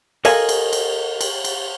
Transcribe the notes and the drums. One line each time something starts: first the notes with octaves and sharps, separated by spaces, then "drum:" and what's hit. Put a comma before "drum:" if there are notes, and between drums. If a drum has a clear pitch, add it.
A4 A#4 D#5 F5 G#5, drum: cymbal
drum: cymbal
drum: cymbal
drum: cymbal
drum: cymbal